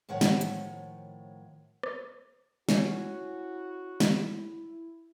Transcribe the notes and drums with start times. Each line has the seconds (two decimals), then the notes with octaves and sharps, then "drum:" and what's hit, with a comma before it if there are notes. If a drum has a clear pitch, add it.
0.09 A2 D#3 F3 C#5 F#5
0.21 drum: snare
0.41 drum: hi-hat
1.83 drum: rim click
2.69 C#4 E4 F#4, drum: snare
4.00 drum: snare